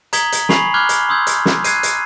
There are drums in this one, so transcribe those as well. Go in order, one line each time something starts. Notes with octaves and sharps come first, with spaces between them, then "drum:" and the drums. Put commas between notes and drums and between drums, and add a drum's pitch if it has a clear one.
A#5 D#6 G#6 B6 F#7 G7, drum: hi-hat
drum: hi-hat
G#5 B5 C#6 C7 F7 F#7, drum: snare
B5 D6 F6 F#6 G#6 G7
drum: hi-hat
C6 D#6 E6 G6 G#6
drum: hi-hat
drum: snare
F#6 G#6 C7 D#7, drum: hi-hat
drum: hi-hat